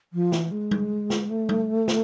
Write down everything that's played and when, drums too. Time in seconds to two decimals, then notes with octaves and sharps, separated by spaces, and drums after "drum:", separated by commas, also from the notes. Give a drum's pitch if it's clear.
0.13 F3
0.32 E3, drum: snare
0.51 G#3
0.71 drum: tom G3
1.10 drum: snare
1.30 A3
1.49 drum: tom G3
1.88 drum: snare